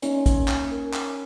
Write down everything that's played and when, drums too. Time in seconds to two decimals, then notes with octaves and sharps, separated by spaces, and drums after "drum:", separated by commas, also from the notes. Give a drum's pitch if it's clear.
0.02 A#3 C#4 D#4, drum: hi-hat
0.26 A#3, drum: kick, hi-hat
0.48 G#5, drum: clap
0.71 A#4
0.93 drum: clap